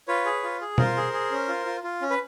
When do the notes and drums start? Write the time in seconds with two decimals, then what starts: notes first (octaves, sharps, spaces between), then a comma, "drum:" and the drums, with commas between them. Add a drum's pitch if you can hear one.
0.08 F4 B4 C#5
0.25 G#4
0.43 F4
0.61 G#4
0.78 F4 A#4 C5, drum: tom B2
0.96 G#4
1.13 G#4
1.31 C#4
1.48 F4
1.66 F4
1.83 F4
2.01 C#4
2.10 B4